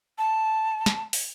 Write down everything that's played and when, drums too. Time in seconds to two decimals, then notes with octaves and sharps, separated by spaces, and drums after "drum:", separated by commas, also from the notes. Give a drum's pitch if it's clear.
0.18 A5
0.86 drum: snare
1.13 drum: open hi-hat